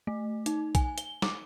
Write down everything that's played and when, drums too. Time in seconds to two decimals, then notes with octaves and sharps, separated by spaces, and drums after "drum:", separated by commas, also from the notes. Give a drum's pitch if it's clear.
0.07 A3
0.46 D#4, drum: hi-hat
0.75 G#5, drum: kick B1, hi-hat
0.98 G7, drum: hi-hat
1.22 D6, drum: snare